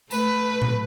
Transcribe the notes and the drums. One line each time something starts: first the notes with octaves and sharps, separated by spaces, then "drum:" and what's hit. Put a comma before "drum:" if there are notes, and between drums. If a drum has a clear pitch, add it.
A3 B4, drum: tambourine
drum: tom A2